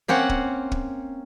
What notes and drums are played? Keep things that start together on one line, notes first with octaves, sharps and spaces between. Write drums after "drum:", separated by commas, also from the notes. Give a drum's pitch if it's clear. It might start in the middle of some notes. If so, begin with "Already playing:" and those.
A#3 C4 C#4 F#5
drum: kick
drum: kick